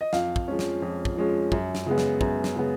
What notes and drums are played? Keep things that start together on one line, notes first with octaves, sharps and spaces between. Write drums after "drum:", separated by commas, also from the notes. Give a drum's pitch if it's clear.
D#5
F2 F5, drum: snare
drum: kick
F3 G#3 C#4
drum: snare
F2
drum: kick
F3 G#3 C#4
F#2, drum: kick
drum: snare
C#3 G#3 B3
drum: snare
F#2, drum: kick
drum: snare
C#3 G#3 B3